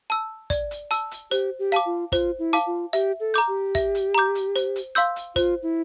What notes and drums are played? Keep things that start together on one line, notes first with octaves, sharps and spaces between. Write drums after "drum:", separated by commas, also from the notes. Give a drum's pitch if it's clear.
A5 E6
D5, drum: kick, hi-hat
drum: hi-hat
A5 E6, drum: hi-hat
drum: hi-hat
G4 C5, drum: hi-hat
G4
F5 A5 D6, drum: hi-hat
F4
F4 C5, drum: kick, hi-hat
E4
F5 A5 D6, drum: hi-hat
F4
G4 E5, drum: hi-hat
A4
A#5 D6 G6, drum: hi-hat
G4
E5, drum: kick, hi-hat
drum: hi-hat
A#5 D6 G6
drum: hi-hat
C5, drum: hi-hat
drum: hi-hat
F5 C6 E6 G6, drum: hi-hat
drum: hi-hat
F4 C5, drum: kick, hi-hat
E4